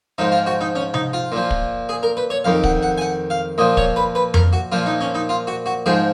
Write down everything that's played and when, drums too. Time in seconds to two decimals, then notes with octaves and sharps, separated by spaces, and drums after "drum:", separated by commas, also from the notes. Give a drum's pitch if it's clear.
0.18 G#2 F3 D#4
0.32 F4
0.47 F#4
0.61 D#4
0.75 C#4
0.94 D#4, drum: tom C3
1.13 F4
1.32 A#2 F3
1.51 drum: kick
1.89 G#4
2.03 A#4
2.17 B4
2.30 C#5
2.44 F2 D#3 F5
2.64 F#5, drum: kick
2.83 F#5
2.98 G#5
3.01 F#5
3.30 F5
3.58 A#2 F3 D#5
3.77 C#5, drum: kick
3.96 B4
4.15 B4
4.34 A#4, drum: tom F2
4.53 F#4
4.72 A#2 F3 F4
4.86 D#4
5.01 C#4
5.15 D#4
5.29 F4
5.47 F#4
5.66 F#4
5.86 G#2 F3 G#4